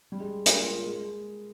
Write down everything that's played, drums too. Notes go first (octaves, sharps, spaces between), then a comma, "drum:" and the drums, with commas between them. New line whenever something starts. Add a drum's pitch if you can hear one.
G3
G#3
A#3, drum: hi-hat
F4
F4
G#3